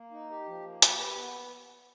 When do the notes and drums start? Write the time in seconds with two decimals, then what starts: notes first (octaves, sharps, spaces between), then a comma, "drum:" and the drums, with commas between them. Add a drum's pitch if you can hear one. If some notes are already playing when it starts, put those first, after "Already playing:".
Already playing: A#3
0.11 D#4
0.30 G4
0.47 F3
0.64 A#3
0.82 G4, drum: hi-hat
0.99 B4
1.17 B3